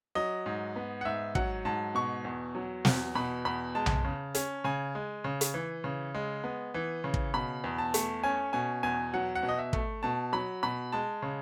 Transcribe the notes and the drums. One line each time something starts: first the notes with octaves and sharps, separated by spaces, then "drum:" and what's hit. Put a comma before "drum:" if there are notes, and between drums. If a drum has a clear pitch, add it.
F#3 D#5
G#2
B3
F#5
G#2 E5
F#3 F#5, drum: kick
G#2 A5
B2 C#6
E2
F#3
E2, drum: snare
B2 B5
E2 B5
G#3 A5
drum: tom B1
C#3
C#4, drum: hi-hat
C#3 G#5
G#3
C#3
drum: hi-hat
E3
C#3
G#3
B3
E3
C#3
drum: kick
B2 B5
E2
A5
A3, drum: hi-hat
C#4 G#5
B2 G#5
E2 G#5
F#3 F#5
F#5
B2
D#5
E5
A3, drum: kick
B2 A5
F#3 B5
B2 B5
G#3 A5
C#3